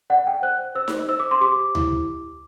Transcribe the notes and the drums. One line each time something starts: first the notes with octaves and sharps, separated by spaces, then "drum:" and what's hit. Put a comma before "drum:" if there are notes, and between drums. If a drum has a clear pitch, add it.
D5 F#5
G5
C5 F#6
C5 E6
drum: snare D#4
C5 E6
D6
C6
G4 D6
E4, drum: tom D2